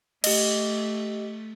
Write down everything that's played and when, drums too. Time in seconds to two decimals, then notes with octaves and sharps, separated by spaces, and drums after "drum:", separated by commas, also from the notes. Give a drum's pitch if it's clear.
0.24 A3 G4 D#5, drum: cymbal